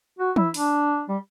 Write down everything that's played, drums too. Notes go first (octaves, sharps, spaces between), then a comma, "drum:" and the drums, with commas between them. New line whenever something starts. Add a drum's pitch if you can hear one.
F#4
E4, drum: tom E3
D4, drum: open hi-hat
G3